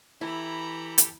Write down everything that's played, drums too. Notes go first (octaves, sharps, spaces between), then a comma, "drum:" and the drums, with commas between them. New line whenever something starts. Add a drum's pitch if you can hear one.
E3 E4 G4 A4 A#5 B5
drum: hi-hat